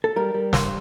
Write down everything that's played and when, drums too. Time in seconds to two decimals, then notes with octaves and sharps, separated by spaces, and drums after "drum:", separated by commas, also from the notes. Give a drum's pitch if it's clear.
0.04 A4
0.16 G3 A#4
0.34 G3
0.53 G2 C5, drum: snare